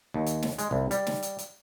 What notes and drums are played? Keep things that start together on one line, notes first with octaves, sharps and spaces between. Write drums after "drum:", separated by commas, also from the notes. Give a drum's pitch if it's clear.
D#2
drum: hi-hat
drum: snare
G#3, drum: hi-hat
C2
G3, drum: hi-hat
drum: snare
drum: hi-hat
drum: hi-hat